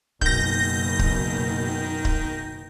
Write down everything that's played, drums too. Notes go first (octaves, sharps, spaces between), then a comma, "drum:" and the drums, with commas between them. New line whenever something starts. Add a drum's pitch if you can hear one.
F#1 B2 D#3 G6 A#6, drum: kick D1
drum: kick D1
drum: kick D1